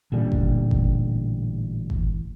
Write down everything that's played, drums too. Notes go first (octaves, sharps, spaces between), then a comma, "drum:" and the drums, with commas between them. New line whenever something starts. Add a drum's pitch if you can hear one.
A1 A#2 D3 G3
drum: kick G1
drum: kick G1
drum: kick G1